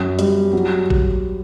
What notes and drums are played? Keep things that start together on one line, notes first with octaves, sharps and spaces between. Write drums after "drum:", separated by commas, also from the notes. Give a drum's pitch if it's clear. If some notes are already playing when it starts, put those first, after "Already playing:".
Already playing: F#2
G3, drum: hi-hat
F#3
drum: kick A1